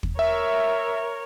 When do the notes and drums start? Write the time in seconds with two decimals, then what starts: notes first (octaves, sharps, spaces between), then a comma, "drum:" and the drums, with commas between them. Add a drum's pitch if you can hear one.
0.03 drum: kick
0.19 A#4 C#5 E5